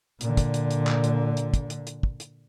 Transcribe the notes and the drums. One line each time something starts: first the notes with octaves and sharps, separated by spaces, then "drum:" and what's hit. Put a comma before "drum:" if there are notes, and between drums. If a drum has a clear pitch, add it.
A#2 D3, drum: hi-hat
drum: kick, hi-hat
drum: hi-hat
drum: hi-hat
drum: clap
drum: hi-hat
drum: hi-hat
drum: kick, hi-hat
drum: hi-hat
drum: hi-hat
drum: kick
drum: hi-hat